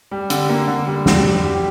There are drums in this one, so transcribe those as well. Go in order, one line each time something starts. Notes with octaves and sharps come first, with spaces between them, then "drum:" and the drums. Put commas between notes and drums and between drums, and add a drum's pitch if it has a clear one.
G3
D3, drum: hi-hat
A#3
D3
G3
D3, drum: snare
G3
G4